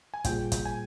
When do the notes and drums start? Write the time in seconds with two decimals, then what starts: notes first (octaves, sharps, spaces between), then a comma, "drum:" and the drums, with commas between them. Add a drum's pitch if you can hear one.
0.14 G#5
0.24 A#2 G3 C4 F4 G#4 G5, drum: kick, hi-hat
0.52 drum: kick, hi-hat
0.65 G#5